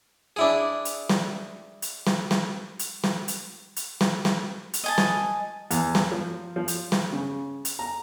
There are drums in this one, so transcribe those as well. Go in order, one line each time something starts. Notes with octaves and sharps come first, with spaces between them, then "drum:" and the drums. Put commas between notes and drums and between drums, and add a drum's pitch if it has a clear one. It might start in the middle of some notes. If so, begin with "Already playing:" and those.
D4 E4 G#4
drum: hi-hat
drum: snare
drum: hi-hat
drum: snare
drum: snare
drum: hi-hat
drum: snare
drum: hi-hat
drum: hi-hat
drum: snare
drum: snare
drum: hi-hat
D#5 G#5 A5
drum: snare
E2, drum: hi-hat
drum: snare
F3
F3
drum: hi-hat
drum: snare
C#3
drum: hi-hat
A#5